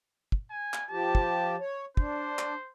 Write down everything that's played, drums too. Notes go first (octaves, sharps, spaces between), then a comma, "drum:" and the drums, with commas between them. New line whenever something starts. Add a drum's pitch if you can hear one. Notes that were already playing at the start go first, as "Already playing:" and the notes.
drum: kick
G#5
drum: clap
F3 G4 A5
drum: kick
C#5
D4 C5, drum: kick
drum: clap